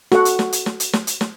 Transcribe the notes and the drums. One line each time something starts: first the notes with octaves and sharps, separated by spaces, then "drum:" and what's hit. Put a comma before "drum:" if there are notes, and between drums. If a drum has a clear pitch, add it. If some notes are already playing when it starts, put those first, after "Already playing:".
F#4 A4 F#5, drum: snare
drum: hi-hat
drum: snare
drum: hi-hat
drum: snare
drum: hi-hat
drum: snare
drum: hi-hat
drum: snare